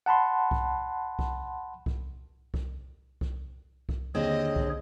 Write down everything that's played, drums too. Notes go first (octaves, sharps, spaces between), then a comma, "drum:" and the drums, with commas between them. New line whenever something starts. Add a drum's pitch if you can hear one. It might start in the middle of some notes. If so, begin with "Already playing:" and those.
F#5 A5 B5 C6
drum: kick C2
drum: kick C2
drum: kick C2
drum: kick C2
drum: kick C2
drum: kick C2
D#2 D3 C4 G#4 C#5 D#5
drum: kick C2